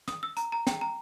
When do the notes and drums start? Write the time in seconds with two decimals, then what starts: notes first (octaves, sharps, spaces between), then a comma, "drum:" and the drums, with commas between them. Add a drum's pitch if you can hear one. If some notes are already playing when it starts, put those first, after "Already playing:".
0.08 D#6, drum: snare
0.23 E6
0.37 A#5, drum: hi-hat
0.52 A#5
0.67 G5, drum: snare
0.81 A#5